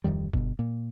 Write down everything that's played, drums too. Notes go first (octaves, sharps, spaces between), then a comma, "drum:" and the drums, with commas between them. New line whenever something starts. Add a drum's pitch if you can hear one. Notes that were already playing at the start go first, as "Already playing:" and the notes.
D1 F2 D#3 G3
G1 B2, drum: kick F1
A#2